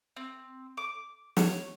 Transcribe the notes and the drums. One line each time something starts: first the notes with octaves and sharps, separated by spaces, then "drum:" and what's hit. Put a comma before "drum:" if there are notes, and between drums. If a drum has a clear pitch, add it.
C4
D6
C#5, drum: snare